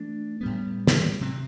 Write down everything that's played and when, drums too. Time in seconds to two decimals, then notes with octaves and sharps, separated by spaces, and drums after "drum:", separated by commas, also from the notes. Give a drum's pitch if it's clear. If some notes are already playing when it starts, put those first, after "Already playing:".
Already playing: E3 A3 D4
0.41 A2 G3 B3
0.87 drum: snare
1.21 C3 F#3 C4